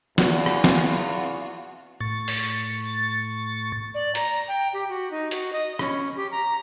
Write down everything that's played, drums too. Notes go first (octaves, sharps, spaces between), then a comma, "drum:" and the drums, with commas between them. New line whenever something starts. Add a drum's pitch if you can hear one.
E2 F4 F#4, drum: snare
drum: rim click
drum: snare
A2 C#6 A6
drum: open hi-hat
D5
A#5, drum: hi-hat
G5
G4
F#4
D#4
F#4, drum: hi-hat
D#5
C#4, drum: rim click
G4
A#5